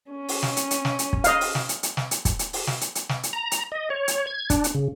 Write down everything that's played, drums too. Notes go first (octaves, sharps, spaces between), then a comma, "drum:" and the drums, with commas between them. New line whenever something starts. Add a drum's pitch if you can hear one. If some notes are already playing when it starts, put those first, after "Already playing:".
C#4
drum: open hi-hat
drum: snare
drum: hi-hat
drum: hi-hat
drum: snare
drum: hi-hat
drum: kick
D#5 F5, drum: hi-hat
drum: open hi-hat
drum: snare
drum: hi-hat
drum: hi-hat
drum: snare
drum: hi-hat
drum: kick, hi-hat
drum: hi-hat
drum: open hi-hat
drum: snare
drum: hi-hat
drum: hi-hat
drum: snare
drum: hi-hat
A#5
drum: hi-hat
D#5
C#5
drum: hi-hat
G#6
D4, drum: kick, hi-hat
drum: hi-hat
C#3